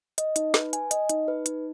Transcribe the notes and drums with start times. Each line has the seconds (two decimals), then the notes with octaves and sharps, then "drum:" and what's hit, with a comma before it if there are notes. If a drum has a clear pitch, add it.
0.18 D#5, drum: hi-hat
0.36 D#4, drum: hi-hat
0.54 B4, drum: snare
0.73 G#5, drum: hi-hat
0.91 D#5, drum: hi-hat
1.09 D#4, drum: hi-hat
1.28 B4
1.46 D#4, drum: hi-hat